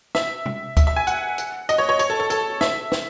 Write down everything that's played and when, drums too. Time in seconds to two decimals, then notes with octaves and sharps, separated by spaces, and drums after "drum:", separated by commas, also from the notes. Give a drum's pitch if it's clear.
0.15 E5, drum: snare
0.46 drum: tom C3
0.77 E5, drum: kick, hi-hat
0.87 E5
0.96 G#5
1.07 F#5, drum: hi-hat
1.38 drum: hi-hat
1.69 D#5, drum: hi-hat
1.78 C#5
1.89 C#5
1.99 C#5, drum: hi-hat
2.10 A4
2.20 A4
2.30 A4, drum: hi-hat
2.61 E5, drum: snare
2.92 drum: snare